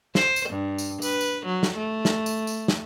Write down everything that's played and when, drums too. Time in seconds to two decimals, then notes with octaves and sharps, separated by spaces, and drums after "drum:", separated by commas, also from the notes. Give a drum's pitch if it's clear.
0.15 C5, drum: snare
0.36 drum: tambourine
0.50 G2
0.78 drum: tambourine
1.02 B4, drum: tambourine
1.21 drum: tambourine
1.46 F#3
1.63 drum: snare
1.77 A3
2.05 drum: snare
2.26 drum: tambourine
2.47 drum: tambourine
2.68 drum: snare